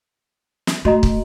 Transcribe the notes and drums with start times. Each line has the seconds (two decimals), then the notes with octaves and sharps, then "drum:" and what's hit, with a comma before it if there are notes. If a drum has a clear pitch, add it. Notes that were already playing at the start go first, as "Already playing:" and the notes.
0.67 drum: snare
0.85 A3 F#4 D#5 A#5
1.03 drum: kick